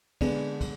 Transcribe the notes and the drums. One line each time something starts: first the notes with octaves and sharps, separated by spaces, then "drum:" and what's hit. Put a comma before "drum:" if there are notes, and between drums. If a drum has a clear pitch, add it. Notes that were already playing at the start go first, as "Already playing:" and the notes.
D3 G#3 B3 D4, drum: kick, cymbal
drum: kick, cymbal